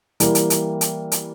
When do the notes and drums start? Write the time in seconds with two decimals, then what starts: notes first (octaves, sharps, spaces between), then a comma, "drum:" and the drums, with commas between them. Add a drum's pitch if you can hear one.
0.20 E3 G3 A#3, drum: hi-hat
0.35 drum: hi-hat
0.50 drum: hi-hat
0.81 drum: hi-hat
1.12 drum: hi-hat